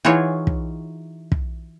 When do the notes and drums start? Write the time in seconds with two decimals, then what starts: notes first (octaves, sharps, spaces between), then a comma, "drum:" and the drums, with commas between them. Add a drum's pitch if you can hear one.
0.05 E3 D#4 F4 F#4 G#4 C#5
0.47 drum: kick
1.32 drum: kick